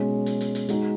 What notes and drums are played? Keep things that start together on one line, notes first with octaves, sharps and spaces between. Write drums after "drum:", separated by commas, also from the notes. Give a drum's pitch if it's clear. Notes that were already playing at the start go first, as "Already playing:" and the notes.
Already playing: B2 G#3 C#4
drum: hi-hat
drum: hi-hat
drum: hi-hat
G#3 D#4 F#4, drum: hi-hat